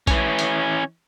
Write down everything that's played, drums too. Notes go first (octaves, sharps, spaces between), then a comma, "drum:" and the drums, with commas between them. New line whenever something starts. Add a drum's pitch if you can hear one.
E3 C#4, drum: kick A#1, hi-hat
drum: hi-hat